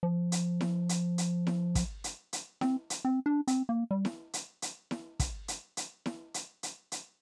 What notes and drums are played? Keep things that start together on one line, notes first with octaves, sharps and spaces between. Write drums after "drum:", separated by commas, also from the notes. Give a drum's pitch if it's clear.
F3
drum: hi-hat
drum: snare E4
drum: hi-hat
drum: hi-hat
drum: snare E4
drum: kick, hi-hat
drum: hi-hat
drum: hi-hat
C4, drum: snare E4
drum: hi-hat
C4
D4
C4, drum: hi-hat
A#3
G3
drum: snare E4
drum: hi-hat
drum: hi-hat
drum: snare E4
drum: kick, hi-hat
drum: hi-hat
drum: hi-hat
drum: snare E4
drum: hi-hat
drum: hi-hat
drum: hi-hat